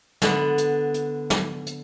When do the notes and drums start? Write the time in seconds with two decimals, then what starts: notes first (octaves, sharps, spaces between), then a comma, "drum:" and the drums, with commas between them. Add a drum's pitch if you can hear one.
0.22 D3 B3, drum: snare
0.58 drum: hi-hat
0.94 drum: hi-hat
1.30 drum: snare
1.66 drum: hi-hat